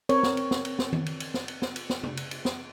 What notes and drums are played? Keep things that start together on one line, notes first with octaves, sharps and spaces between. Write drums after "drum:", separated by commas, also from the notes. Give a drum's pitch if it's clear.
C4 A#4 C#5, drum: cymbal
drum: snare
drum: cymbal
drum: snare
drum: cymbal
drum: snare
drum: tom D#3
drum: cymbal
drum: cymbal
drum: snare
drum: cymbal
drum: snare
drum: cymbal
drum: snare
drum: tom
drum: cymbal
drum: cymbal
drum: snare